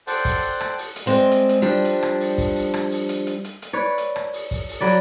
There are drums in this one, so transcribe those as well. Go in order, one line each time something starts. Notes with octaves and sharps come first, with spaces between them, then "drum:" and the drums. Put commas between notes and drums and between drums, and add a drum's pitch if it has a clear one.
A4 C5 D5 F#5 G5, drum: open hi-hat
drum: kick, open hi-hat
drum: rim click
drum: open hi-hat
drum: hi-hat
G#3 C4 D5
drum: hi-hat
drum: hi-hat
F3 G3 D4
drum: hi-hat
drum: rim click
drum: open hi-hat
drum: kick, open hi-hat
drum: open hi-hat
drum: rim click
drum: open hi-hat
drum: hi-hat
drum: hi-hat
drum: hi-hat
drum: hi-hat
B4 C#5 D5
drum: hi-hat
drum: rim click
drum: open hi-hat
drum: kick, open hi-hat
drum: open hi-hat
F#3 B4 D5